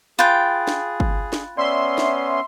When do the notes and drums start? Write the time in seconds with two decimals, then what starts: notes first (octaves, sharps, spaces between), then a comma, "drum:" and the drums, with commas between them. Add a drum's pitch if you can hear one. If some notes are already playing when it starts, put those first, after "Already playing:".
0.19 F4 G#4 G5 B5 F#6 A6
0.68 drum: snare
1.00 drum: kick G1
1.33 drum: snare
1.57 B3 C#4 D5 E5 C6
1.98 drum: snare